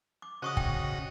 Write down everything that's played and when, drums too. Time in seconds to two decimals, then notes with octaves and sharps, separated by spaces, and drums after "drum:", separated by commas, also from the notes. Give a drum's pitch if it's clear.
0.22 D6
0.42 C#3 F#4 C5 D#5 C#6 D#6
0.57 G5, drum: kick